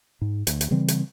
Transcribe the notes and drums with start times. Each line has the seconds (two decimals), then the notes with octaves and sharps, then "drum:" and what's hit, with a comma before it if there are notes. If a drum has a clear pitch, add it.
0.21 G#2
0.47 D2, drum: hi-hat
0.61 drum: hi-hat
0.71 C#3 E3 G3 C4
0.88 drum: hi-hat